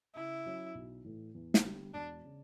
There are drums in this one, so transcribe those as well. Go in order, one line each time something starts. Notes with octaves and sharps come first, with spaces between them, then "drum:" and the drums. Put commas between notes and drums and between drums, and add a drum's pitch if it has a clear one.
C#3 E4
F#3 C#4
B1
A2 E3 A3
E2
drum: snare
D3 G3 B3
E1 D4
C#3